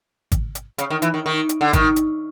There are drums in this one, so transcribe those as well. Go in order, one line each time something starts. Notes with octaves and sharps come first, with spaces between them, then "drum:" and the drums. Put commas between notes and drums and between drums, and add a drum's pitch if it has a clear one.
drum: kick G#1, hi-hat
drum: hi-hat
C#3, drum: hi-hat
D#3
E3, drum: hi-hat
D#3
D#3
drum: hi-hat
D3
D#3, drum: kick G#1, hi-hat
drum: hi-hat